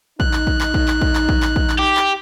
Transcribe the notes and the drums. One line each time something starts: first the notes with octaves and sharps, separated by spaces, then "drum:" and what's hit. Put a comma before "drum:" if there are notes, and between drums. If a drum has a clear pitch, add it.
D#4 F#6, drum: kick
drum: clap
drum: kick
drum: clap
drum: kick
drum: clap
drum: kick
drum: clap
drum: kick
drum: clap
drum: kick
drum: clap
G4
drum: clap